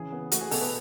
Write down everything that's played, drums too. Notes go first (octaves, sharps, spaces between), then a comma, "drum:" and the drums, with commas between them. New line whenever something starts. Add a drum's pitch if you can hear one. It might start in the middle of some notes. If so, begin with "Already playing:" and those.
Already playing: C#3 E3 G#4
B3
A3 F#4, drum: hi-hat
G#4
B2 A4, drum: open hi-hat
B4